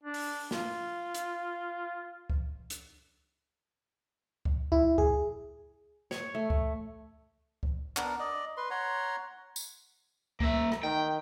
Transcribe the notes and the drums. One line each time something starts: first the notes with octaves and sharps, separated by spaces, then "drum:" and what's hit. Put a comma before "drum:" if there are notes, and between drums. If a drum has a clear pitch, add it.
D4
drum: open hi-hat
F4, drum: snare
drum: hi-hat
drum: kick C#2
drum: hi-hat
drum: kick C#2
E4, drum: kick C#2
G#4, drum: kick C#2
C#5, drum: snare
A3
drum: kick C#2
drum: kick C#2
B3 D4 A#4, drum: clap
D5 D#5
B4 C6
C#5 F#5 A#5 C6
drum: tambourine
A#3 E5, drum: kick C#2
drum: rim click
D#3 G5